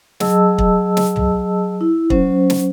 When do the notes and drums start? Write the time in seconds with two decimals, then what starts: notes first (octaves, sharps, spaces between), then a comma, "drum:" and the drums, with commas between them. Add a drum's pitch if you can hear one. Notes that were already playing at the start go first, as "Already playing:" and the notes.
0.20 F#3 G#4 D#5 A5 E6, drum: snare
0.58 drum: kick
0.97 drum: snare
1.16 drum: tom
1.81 E4
2.10 F#3 C#4 C5, drum: kick
2.50 drum: snare